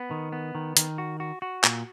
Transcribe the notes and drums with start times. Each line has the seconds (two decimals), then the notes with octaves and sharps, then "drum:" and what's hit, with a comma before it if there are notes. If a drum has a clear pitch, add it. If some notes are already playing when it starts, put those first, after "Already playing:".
Already playing: B3
0.11 D#3
0.32 B3
0.55 D#3
0.77 D#3, drum: hi-hat
0.98 F#4
1.20 F#4
1.42 F#4
1.64 A#2, drum: clap